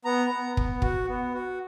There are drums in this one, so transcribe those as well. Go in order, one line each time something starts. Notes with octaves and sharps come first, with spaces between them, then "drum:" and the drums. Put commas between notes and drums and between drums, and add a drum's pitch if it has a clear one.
B3 A#5
B3
B3, drum: kick
F#4, drum: kick
B3
F#4